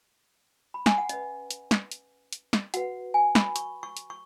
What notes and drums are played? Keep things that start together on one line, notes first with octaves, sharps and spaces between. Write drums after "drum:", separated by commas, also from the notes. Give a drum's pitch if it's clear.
B5
G#5, drum: snare
F#5
C#4 B4 D#5, drum: hi-hat
drum: hi-hat
drum: snare
drum: hi-hat
drum: hi-hat
drum: snare
F#4 B4 F#5, drum: hi-hat
G#5
B5, drum: snare
C#6, drum: hi-hat
C#6
drum: hi-hat
C#6